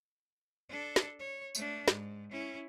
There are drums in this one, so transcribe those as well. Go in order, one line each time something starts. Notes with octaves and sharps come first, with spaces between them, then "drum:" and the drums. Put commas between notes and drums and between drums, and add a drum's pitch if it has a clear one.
D4 A4
drum: snare
C#5
A3 D4, drum: tambourine
G#2, drum: snare
C#4 E4